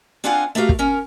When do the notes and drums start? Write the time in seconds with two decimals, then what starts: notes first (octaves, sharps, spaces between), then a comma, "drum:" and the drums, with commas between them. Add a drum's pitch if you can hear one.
0.24 C4 D4 F4 F5 F#5 G#5
0.55 A3 E4 F#4 G4 A#4 F5
0.69 drum: kick
0.79 C#4 A#4